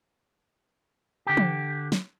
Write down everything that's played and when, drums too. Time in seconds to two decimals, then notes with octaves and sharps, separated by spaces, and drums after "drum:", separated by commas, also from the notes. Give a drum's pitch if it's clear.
1.27 D3 G4
1.37 drum: tom E3
1.92 drum: snare